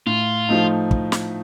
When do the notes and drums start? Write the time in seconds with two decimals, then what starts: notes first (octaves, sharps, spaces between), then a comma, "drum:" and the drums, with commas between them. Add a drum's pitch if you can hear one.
0.06 A2 F4
0.49 F3 A3 D#4
0.91 drum: kick
1.12 drum: snare